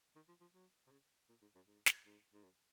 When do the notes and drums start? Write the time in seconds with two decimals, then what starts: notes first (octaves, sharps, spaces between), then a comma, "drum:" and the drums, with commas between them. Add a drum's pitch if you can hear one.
0.16 D#3
0.28 F3
0.41 F3
0.54 F#3
0.87 C3
0.92 C#3
1.29 A#2
1.42 G#2
1.55 F#2
1.67 G#2
1.86 drum: snare
2.05 G#2
2.34 G#2
2.43 F#2